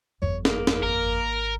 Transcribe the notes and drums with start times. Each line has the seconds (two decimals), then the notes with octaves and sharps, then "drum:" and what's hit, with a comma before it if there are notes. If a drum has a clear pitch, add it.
0.22 G1 F2 C#5
0.45 A#3, drum: snare
0.67 drum: snare
0.83 G#1 A#4